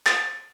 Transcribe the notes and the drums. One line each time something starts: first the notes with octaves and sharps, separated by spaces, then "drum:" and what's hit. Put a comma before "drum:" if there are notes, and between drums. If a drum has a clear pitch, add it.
A6, drum: clap